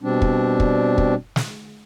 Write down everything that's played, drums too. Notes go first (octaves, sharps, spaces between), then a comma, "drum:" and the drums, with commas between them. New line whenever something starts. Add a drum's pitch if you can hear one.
B2 G3 C4 D4
drum: kick
drum: kick
drum: kick
drum: snare